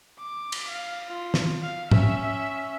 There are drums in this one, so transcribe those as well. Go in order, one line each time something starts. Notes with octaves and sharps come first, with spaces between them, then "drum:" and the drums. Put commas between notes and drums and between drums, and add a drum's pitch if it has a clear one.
D6
drum: cymbal
F5
F4
drum: snare
F5
C#4 E5, drum: tom